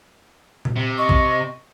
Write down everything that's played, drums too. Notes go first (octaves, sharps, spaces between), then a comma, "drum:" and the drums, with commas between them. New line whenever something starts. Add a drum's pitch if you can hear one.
drum: tom A#2
C3
D#5 C#6
drum: kick